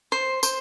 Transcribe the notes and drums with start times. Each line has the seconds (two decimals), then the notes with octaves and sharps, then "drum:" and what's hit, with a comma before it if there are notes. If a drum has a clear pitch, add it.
0.12 C5
0.43 C5, drum: tambourine